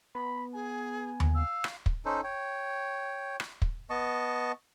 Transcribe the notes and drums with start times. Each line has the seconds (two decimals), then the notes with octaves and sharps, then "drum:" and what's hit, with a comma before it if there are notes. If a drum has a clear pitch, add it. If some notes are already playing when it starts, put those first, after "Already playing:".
0.15 B3 B5
0.54 G#4 G#5
1.20 drum: tom D#2
1.35 F5 E6
1.64 drum: rim click
1.86 drum: kick
2.05 C#4 D#4 A4 C5
2.24 C#5 G5
3.40 drum: rim click
3.62 drum: kick
3.90 B3 D#5 A5 C#6